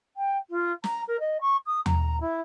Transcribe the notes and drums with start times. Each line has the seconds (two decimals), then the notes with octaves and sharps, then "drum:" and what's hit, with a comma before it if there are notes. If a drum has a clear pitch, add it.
0.17 G5
0.50 F4
0.84 A#5, drum: snare
1.08 A#4
1.20 D#5
1.41 C#6
1.66 D#6
1.86 A#5, drum: tom
2.21 E4